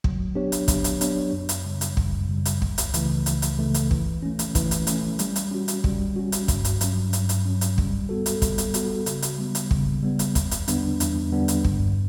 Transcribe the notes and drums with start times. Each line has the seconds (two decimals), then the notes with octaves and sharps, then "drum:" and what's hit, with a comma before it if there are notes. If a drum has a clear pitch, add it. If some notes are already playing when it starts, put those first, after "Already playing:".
0.04 F#3, drum: kick
0.35 B3 D4 G4 C#5
0.52 drum: hi-hat
0.68 F#3, drum: kick, hi-hat
0.84 drum: hi-hat
1.01 B3 D4 G4 C#5, drum: hi-hat
1.32 F#2
1.49 drum: hi-hat
1.65 C#3 G3
1.81 drum: hi-hat
1.97 F#2, drum: kick
2.29 C#3 G3
2.45 drum: hi-hat
2.62 C#2, drum: kick
2.78 drum: hi-hat
2.94 C#3 E3 A3, drum: hi-hat
3.26 C#2, drum: hi-hat
3.42 drum: hi-hat
3.58 C#3 E3 A3
3.74 drum: hi-hat
3.91 E3, drum: kick
4.22 A3 C#4
4.39 drum: hi-hat
4.55 E3, drum: kick, hi-hat
4.71 drum: hi-hat
4.87 A3 C#4, drum: hi-hat
5.19 G3, drum: hi-hat
5.36 drum: hi-hat
5.51 C#4 F#4
5.68 drum: hi-hat
5.84 G3, drum: kick
6.16 C#4 F#4
6.32 drum: hi-hat
6.48 G2, drum: kick, hi-hat
6.65 drum: hi-hat
6.81 F#3 C#4, drum: hi-hat
7.13 G2, drum: hi-hat
7.29 drum: hi-hat
7.45 F#3 C#4
7.61 drum: hi-hat
7.78 G3, drum: kick
8.09 B3 F#4 A4
8.26 drum: hi-hat
8.42 G3, drum: kick, hi-hat
8.58 drum: hi-hat
8.74 B3 F#4 A4, drum: hi-hat
9.06 C#3, drum: hi-hat
9.22 drum: hi-hat
9.38 G3 B3
9.55 drum: hi-hat
9.71 C#3, drum: kick
10.03 G3 B3
10.19 drum: hi-hat
10.35 E2, drum: kick, hi-hat
10.51 drum: hi-hat
10.68 D3 G3 B3 D4, drum: hi-hat
11.00 E2, drum: hi-hat
11.32 D3 G3 B3 D4
11.48 drum: hi-hat
11.64 G2, drum: kick